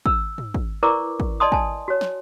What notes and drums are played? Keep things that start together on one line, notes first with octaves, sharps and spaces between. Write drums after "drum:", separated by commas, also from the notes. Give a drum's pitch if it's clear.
E6, drum: kick
drum: tom
drum: kick
E4 A#4 B4 D5 C#6 D6
drum: kick
D5 D#5 A5 C6 D#6
G#5 A5, drum: kick
F#4 C#5
drum: snare